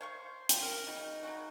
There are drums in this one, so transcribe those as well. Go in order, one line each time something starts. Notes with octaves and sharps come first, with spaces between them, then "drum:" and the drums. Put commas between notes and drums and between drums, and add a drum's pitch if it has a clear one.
C5 C#5 F5 C#6
F4 G4 G5, drum: hi-hat
A#4
C#3 D#4
C#3 F#3 F#4